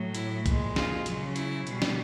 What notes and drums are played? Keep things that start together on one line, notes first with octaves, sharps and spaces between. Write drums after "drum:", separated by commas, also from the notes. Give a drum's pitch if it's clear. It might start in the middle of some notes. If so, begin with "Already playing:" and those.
Already playing: A2 F#3
E4, drum: hi-hat
A#2 F3 G#3, drum: kick B1, hi-hat
F4, drum: snare
C#3 F#3, drum: hi-hat
E4, drum: hi-hat
B2 G3, drum: hi-hat
drum: snare